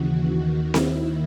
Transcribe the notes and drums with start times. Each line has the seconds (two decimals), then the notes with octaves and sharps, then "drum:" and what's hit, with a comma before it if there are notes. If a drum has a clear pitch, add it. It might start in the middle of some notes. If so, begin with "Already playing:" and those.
Already playing: D#2 C#3 E3 F#4
0.30 D#2 D#3
0.74 D#2 D#3 E4, drum: snare C4